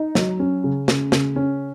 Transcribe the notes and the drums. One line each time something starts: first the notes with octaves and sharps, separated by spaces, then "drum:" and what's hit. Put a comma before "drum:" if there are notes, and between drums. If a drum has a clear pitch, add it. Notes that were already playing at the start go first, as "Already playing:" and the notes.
Already playing: D#4
F#3, drum: snare
C#4
C#3
C#3, drum: snare
C#3, drum: snare
C#4